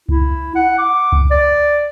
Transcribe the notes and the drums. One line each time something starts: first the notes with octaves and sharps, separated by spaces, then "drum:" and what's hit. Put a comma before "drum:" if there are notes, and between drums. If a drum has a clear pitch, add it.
E4, drum: kick C#2
F#5
D6
drum: kick C#2
D5